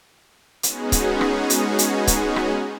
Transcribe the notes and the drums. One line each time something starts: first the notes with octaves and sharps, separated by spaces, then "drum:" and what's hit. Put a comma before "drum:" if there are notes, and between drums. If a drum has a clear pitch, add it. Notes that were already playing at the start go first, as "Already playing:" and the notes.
G#3 B3 C#4 D#4 F#4 G#4, drum: hi-hat
drum: kick C#1, hi-hat
drum: rim click
drum: hi-hat
drum: hi-hat
drum: kick C#1, hi-hat
drum: rim click